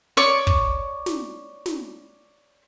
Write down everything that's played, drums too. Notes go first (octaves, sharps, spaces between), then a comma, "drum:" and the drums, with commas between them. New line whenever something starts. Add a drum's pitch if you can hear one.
C#5 D5 C#6 D6
drum: kick
drum: snare
drum: snare